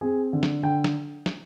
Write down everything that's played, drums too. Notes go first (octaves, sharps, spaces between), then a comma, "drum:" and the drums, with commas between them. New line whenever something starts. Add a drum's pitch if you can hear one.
C4 G#4
D3
drum: snare
D3 G5
drum: snare
drum: snare